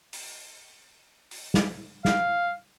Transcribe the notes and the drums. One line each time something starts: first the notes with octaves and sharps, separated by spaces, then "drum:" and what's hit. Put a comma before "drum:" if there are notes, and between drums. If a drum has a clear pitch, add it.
drum: open hi-hat
drum: open hi-hat
drum: snare
F5, drum: snare